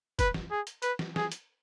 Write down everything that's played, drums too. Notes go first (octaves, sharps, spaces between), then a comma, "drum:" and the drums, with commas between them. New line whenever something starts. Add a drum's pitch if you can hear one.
B4, drum: kick, hi-hat
drum: snare
G#4
drum: hi-hat
B4, drum: hi-hat
drum: snare
G#4, drum: snare
drum: hi-hat